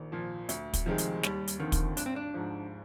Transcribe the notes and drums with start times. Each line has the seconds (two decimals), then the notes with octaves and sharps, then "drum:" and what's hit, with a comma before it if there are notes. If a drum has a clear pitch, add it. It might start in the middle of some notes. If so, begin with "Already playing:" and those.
Already playing: A#1 D#3
0.12 A#2 F3
0.49 D2, drum: hi-hat
0.73 drum: kick, hi-hat
0.86 C3 D#3 F3 G#3 C4
0.98 drum: hi-hat
1.23 D#2 G3, drum: snare
1.47 drum: hi-hat
1.59 D3 D#3 F3 C4 F4
1.72 drum: kick, hi-hat
1.97 G#1 D4, drum: hi-hat
2.06 C4
2.16 D4
2.34 G#2 F3